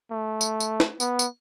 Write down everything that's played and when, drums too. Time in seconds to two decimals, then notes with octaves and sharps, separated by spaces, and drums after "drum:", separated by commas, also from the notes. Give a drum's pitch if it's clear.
0.11 A3
0.41 drum: tambourine
0.60 drum: tambourine
0.80 drum: snare
1.00 B3, drum: tambourine
1.19 drum: tambourine